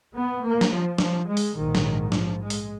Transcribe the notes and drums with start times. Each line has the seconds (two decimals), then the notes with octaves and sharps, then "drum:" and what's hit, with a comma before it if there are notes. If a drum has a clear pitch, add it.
0.14 B3
0.43 A#3
0.61 drum: snare
0.71 F3
0.98 F3, drum: snare
1.27 G#3
1.37 drum: open hi-hat
1.55 A#1 G#2 D#3
1.75 drum: snare
2.12 F3, drum: snare
2.41 G#3
2.50 drum: open hi-hat